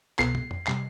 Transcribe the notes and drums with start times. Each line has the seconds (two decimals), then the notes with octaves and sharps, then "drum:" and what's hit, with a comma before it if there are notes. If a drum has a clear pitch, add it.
0.19 C2 B2 B3 F4 A4 C7, drum: clap
0.35 drum: tom
0.51 drum: tom F2
0.67 C3 G3 C7, drum: clap